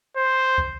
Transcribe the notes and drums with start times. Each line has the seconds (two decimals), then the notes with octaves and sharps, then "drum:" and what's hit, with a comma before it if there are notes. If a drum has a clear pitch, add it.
0.17 C5
0.58 drum: kick